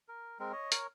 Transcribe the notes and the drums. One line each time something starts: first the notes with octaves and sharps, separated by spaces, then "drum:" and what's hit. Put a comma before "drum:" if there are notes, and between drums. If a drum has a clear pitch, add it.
A#4
G#3 C4 A#4
C#5 D#5
A#4 C#5, drum: hi-hat